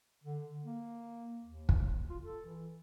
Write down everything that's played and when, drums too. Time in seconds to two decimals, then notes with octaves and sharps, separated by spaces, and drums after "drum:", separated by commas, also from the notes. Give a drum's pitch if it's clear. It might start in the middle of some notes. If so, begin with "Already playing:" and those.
0.24 D3
0.64 A#3
1.44 D#2
1.69 drum: kick
2.10 F4
2.23 A4
2.46 E3